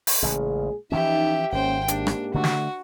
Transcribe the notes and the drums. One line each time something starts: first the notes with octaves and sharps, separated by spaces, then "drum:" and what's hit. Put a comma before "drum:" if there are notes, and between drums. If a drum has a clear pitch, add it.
drum: open hi-hat
A1 A#2 C#3 G#3 G#4
E3 F3 C#4 D#4 G4 E5
G#1 A#3 C#4 C5 G5
G#2 A#3 D4 G4, drum: hi-hat
drum: rim click
D3 A3 D4 F#4
drum: snare